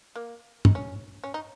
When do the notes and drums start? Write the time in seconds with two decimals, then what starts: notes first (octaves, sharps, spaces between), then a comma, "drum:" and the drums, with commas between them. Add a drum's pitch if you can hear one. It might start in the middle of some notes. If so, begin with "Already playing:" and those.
0.16 A#3
0.65 D#4, drum: tom
0.75 C#4
1.24 C#4
1.34 D#4